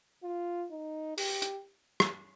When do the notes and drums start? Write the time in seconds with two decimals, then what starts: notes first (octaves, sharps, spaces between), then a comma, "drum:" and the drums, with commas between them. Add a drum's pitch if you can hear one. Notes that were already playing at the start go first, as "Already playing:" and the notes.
0.23 F4
0.71 D#4
1.18 G4, drum: open hi-hat
1.42 drum: hi-hat
2.00 drum: rim click